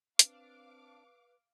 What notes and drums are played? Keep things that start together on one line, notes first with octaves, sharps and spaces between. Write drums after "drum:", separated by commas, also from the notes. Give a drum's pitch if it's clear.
C4 D4 B4 F5 D6, drum: hi-hat